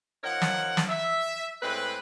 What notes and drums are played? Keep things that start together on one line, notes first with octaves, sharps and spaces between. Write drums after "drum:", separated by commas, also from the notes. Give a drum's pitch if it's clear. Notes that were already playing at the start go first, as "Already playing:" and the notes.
F3 D#4 A#4 C#5 F#5
drum: snare
drum: snare
E5
A2 G#3 C4 B4